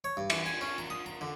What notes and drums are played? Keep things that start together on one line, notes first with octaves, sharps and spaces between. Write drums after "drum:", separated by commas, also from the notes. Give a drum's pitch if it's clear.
C#5
G2
E3, drum: cymbal
G#5
C#4
A#5
D#6
A#5
D3